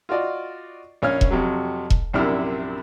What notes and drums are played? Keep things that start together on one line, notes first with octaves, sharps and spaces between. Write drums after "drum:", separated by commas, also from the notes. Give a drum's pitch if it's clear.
F4 F#4 D5 D#5
A#1 C#4 C#5 F5 F6
drum: kick E1
F2 C3 F#3
drum: kick E1
A#1 F#2 C3 D4 E4 F6